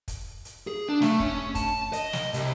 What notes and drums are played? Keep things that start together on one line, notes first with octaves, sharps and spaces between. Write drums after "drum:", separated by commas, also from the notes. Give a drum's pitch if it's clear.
drum: kick, hi-hat
drum: hi-hat
G#4
D4
A3, drum: snare
C#4, drum: kick
A5, drum: kick, hi-hat
D#5, drum: hi-hat
drum: snare
C2, drum: hi-hat